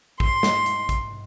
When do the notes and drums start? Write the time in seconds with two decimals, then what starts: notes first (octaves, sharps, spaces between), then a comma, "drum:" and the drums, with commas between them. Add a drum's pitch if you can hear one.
0.20 C6, drum: kick
0.43 drum: snare
0.66 drum: hi-hat
0.89 drum: kick, hi-hat